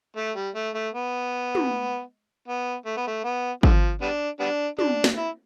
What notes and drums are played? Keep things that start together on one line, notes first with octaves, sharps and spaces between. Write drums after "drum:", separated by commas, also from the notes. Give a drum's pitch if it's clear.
A3
G3
A3
A3
B3
drum: tom
B3
A3
B3
A3
B3
D3 F3, drum: kick
G3 B3 D4
G3 B3 D4
D4, drum: tom
drum: snare
E4